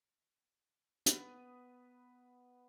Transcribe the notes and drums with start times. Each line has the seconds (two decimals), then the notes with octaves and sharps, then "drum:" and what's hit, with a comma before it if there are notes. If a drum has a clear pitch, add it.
1.06 B3 B4, drum: hi-hat